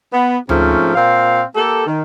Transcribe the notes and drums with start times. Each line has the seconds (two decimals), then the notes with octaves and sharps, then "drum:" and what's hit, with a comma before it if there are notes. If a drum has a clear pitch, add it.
0.12 B3
0.49 G#2 F3 A3 C4 C#4, drum: tom D2
0.95 A#2 C4 F5
1.56 A#3 G4 A4
1.86 D#3